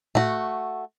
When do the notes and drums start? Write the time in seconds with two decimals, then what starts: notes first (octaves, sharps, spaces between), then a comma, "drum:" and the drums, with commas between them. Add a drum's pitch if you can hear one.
0.15 A3 F#4, drum: tom A2